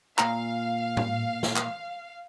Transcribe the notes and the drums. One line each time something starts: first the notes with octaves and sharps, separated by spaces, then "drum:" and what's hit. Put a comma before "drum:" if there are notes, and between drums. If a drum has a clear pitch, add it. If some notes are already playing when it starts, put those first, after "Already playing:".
A#2 F5 A#5, drum: clap
drum: tom A2
drum: snare
drum: clap